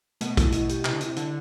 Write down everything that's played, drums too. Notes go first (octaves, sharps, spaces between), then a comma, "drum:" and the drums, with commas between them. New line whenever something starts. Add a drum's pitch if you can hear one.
B2 A3, drum: hi-hat
E4, drum: kick A#1, hi-hat
E4, drum: hi-hat
G4, drum: hi-hat
C3 E4, drum: clap
D3
C3 E4, drum: hi-hat
D3 E4, drum: hi-hat